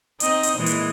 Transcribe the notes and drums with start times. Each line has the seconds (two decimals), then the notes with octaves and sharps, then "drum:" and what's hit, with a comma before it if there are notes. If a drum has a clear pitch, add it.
0.20 C4 D#4 D#5, drum: hi-hat
0.43 drum: hi-hat
0.57 A#2 E3 G#3
0.66 drum: hi-hat